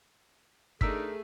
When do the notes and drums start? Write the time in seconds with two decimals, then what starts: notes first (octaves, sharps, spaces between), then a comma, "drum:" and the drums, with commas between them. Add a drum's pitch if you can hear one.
0.81 A3 D4 D#4 G#4 A#4 E6 B6, drum: kick G1